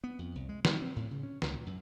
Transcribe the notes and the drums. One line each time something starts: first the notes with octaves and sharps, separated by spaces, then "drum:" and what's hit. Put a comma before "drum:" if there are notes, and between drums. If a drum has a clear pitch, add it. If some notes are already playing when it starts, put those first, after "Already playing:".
B3
F2
C2
G#3
G3, drum: snare
C4
A2
C#3
C#4
C#2, drum: snare
A#2
F#2